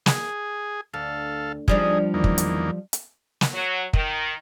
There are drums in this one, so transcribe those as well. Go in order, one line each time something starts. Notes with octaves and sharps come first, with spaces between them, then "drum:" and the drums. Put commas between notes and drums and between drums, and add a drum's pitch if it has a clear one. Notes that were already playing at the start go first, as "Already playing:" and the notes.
G#4, drum: snare
D2 A4 F5
F3 G3 D4 D#4 G#4, drum: kick
E2 D#3 A#3
drum: kick
drum: hi-hat
drum: hi-hat
drum: snare
F#3
D#3, drum: kick